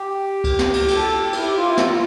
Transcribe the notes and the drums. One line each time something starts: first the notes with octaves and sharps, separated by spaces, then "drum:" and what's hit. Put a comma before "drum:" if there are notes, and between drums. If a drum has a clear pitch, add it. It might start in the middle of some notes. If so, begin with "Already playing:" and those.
Already playing: G4
drum: kick C#2, cymbal
drum: snare
drum: cymbal
A4, drum: cymbal
G4
E4, drum: cymbal
G4
F4
E4
F4, drum: snare
F4